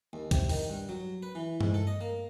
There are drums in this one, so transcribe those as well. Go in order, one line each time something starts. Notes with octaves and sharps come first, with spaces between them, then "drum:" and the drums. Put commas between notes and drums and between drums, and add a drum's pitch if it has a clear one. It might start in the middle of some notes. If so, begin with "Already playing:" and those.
D#2
C3, drum: kick, hi-hat
D#3, drum: open hi-hat
G2
F#3
B4
E3
G#2, drum: tom G2
A4
D#5
A#3